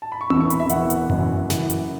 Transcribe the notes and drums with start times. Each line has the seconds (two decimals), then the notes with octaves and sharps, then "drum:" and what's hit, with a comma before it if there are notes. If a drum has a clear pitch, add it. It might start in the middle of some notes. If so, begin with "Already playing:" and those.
0.02 A5
0.12 B5
0.21 C#6
0.30 E1 E2 E3 E6, drum: tom C4
0.41 C#6
0.50 B5, drum: hi-hat
0.60 E5
0.69 E1 E2 E3 F#5, drum: hi-hat
0.90 drum: hi-hat
1.10 F#1 F#2 E3, drum: tom F#2
1.50 F#1 F#2 E3, drum: snare
1.70 drum: hi-hat